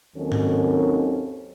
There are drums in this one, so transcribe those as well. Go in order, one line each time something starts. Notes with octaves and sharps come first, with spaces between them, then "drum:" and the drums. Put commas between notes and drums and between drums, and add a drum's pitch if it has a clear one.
D#2 D#3 F#3 C4 C#4 A4
drum: tom G#2